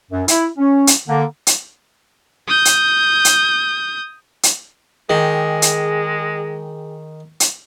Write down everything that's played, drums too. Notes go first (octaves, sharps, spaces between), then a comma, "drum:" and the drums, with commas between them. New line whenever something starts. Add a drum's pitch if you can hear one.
F#2
E4, drum: hi-hat
C#4
drum: hi-hat
D3 A#3
drum: hi-hat
D#6 G6
drum: hi-hat
drum: hi-hat
drum: hi-hat
D#3 G#3 G#4 G5 G#5
drum: hi-hat
drum: hi-hat